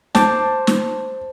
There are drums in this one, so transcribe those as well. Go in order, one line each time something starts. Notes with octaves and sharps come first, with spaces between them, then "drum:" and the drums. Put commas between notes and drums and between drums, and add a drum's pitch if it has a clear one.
C5 A5 D6, drum: snare
drum: snare